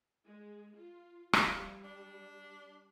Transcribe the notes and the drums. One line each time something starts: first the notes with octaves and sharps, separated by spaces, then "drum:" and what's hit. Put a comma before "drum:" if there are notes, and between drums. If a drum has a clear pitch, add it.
G#3
F4
F3 G3, drum: rim click
D4